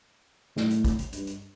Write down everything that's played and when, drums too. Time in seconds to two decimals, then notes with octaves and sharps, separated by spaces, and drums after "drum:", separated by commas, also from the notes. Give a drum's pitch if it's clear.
0.57 A2, drum: snare
0.70 drum: hi-hat
0.85 drum: kick, hi-hat
0.99 drum: hi-hat
1.13 G2, drum: hi-hat
1.27 drum: hi-hat